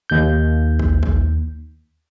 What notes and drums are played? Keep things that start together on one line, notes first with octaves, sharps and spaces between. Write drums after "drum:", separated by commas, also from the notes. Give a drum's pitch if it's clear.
D#2 G6
drum: kick
drum: kick